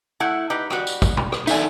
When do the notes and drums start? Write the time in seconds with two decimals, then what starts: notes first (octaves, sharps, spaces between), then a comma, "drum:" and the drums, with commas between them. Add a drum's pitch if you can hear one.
0.20 A3 E4 F#5
0.50 D#4 G4 B4
0.70 G3 F#4, drum: rim click
0.87 drum: tambourine
1.02 drum: kick, tambourine
1.17 drum: tom B2
1.32 drum: rim click
1.47 D#4 A4 D5 E5 G#5, drum: tambourine